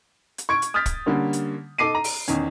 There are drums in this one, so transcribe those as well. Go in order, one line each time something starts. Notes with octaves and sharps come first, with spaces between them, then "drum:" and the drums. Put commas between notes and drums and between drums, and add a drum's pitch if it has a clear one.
drum: hi-hat
C#6 G#6 D7
drum: hi-hat
D#6 F6 G6 A6 B6
drum: kick, hi-hat
D3 G3 A#3 C#4
drum: hi-hat
D#4 A4 D6 C7 D#7
A#5
drum: open hi-hat
E2 D#3 C#4, drum: hi-hat